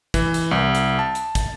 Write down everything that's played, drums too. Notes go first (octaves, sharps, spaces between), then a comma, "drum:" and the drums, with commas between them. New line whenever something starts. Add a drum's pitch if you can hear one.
E3, drum: kick, hi-hat
drum: hi-hat
C2
drum: hi-hat
A5
drum: hi-hat
drum: kick, hi-hat